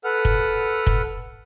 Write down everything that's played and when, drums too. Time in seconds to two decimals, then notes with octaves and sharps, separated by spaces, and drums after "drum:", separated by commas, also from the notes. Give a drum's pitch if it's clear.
0.04 A4 B4 F#5 F6
0.25 drum: kick
0.87 drum: kick